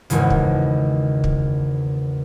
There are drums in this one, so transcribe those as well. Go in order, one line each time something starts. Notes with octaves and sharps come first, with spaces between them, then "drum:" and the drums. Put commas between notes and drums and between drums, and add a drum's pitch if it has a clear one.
G#1 E2 C#3, drum: hi-hat
drum: kick
drum: kick